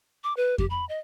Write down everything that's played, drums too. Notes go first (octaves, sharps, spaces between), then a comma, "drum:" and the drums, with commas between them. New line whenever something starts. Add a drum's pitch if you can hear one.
D6
B4
G4, drum: kick F2
B5
D#5